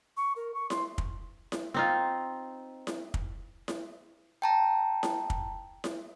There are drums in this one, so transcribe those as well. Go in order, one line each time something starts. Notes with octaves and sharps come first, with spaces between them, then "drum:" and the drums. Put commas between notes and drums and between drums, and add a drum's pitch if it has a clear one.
C#6
A#4
C#6
C6, drum: snare E4
drum: kick
drum: snare E4
C4 D#4 F4
drum: snare E4
drum: kick
drum: snare E4
G5 A5 A#5
drum: snare E4
drum: kick
drum: snare E4